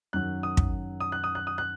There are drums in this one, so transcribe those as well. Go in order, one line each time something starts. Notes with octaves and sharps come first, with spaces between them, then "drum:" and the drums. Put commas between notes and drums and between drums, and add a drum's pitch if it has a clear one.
F#2 D#3 F#3 F#6
D#6
drum: kick
D#6
F#6
D#6
F#6
D#6
F#6